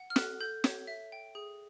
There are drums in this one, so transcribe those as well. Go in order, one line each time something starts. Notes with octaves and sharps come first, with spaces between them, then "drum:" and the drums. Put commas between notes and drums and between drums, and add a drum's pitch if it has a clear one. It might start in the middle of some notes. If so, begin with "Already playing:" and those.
Already playing: F#5
F6
A4 F#6, drum: snare
A4 G6
C#5, drum: snare
E5
G5
G#4